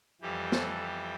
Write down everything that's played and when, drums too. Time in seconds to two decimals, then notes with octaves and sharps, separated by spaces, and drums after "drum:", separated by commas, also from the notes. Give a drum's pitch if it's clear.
0.21 F2 E3 G3 G4
0.52 A4, drum: snare
0.83 G4